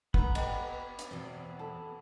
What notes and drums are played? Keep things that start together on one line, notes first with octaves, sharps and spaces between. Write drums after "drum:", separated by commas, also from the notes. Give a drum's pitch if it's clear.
B3 B4 A#5, drum: kick
G4 A4 D#5, drum: cymbal
drum: hi-hat
E2 B2 C4
A4